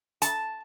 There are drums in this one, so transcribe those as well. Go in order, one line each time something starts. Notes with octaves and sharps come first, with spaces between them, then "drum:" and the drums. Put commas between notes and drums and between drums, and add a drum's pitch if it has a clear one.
A5, drum: hi-hat